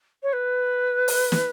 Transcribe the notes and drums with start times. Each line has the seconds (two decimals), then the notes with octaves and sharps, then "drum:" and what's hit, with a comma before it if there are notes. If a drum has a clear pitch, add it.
0.22 C#5
0.32 B4
1.08 drum: open hi-hat
1.32 drum: snare